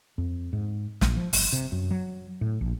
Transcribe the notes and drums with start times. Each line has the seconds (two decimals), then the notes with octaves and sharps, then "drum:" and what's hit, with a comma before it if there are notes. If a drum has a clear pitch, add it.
0.18 F2
0.53 G#2
1.01 A#1, drum: snare
1.17 F3
1.33 G1, drum: open hi-hat
1.53 C3
1.72 F#2
1.91 F#3
2.41 A2
2.61 A#1